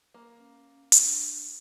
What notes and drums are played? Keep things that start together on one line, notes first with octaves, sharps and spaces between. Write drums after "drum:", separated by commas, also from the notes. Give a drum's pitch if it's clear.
A#3
C#4
D4, drum: hi-hat